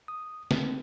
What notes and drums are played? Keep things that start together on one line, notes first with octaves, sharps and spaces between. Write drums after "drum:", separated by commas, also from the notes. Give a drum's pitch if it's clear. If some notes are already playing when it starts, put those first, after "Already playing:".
D#6
C4, drum: snare